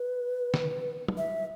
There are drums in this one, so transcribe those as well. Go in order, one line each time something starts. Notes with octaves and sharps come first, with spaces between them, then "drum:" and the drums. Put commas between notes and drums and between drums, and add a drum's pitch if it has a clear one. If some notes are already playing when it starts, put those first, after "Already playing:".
Already playing: B4
drum: snare
drum: tom
E5